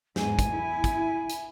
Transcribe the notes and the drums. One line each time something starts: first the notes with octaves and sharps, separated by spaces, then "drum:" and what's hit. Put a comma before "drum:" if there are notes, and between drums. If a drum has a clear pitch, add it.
E2 G#2 G#5, drum: snare
drum: kick, hi-hat
E4
drum: kick, hi-hat
drum: hi-hat